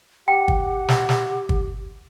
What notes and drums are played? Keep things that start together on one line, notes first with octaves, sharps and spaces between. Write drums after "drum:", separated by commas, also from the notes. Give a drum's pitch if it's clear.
G4 F#5 G5
drum: kick
drum: snare
drum: snare
drum: kick